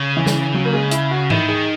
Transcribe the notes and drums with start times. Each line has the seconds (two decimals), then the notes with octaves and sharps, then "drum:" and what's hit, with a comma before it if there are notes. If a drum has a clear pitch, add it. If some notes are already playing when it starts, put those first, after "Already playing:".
Already playing: C#3
0.17 E3
0.26 drum: snare
0.54 F#3
0.65 A#3
0.74 G#3
0.91 E4, drum: hi-hat
1.11 F#4
1.30 D#3 E4, drum: tom G#2
1.49 G#4